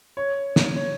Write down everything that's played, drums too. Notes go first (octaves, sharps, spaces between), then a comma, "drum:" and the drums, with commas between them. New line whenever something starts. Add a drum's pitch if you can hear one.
C#5
drum: snare
C#5